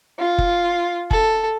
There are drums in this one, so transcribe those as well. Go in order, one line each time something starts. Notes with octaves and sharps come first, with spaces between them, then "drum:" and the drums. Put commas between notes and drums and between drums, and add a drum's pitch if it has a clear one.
F4
drum: kick F#1
A4, drum: kick F#1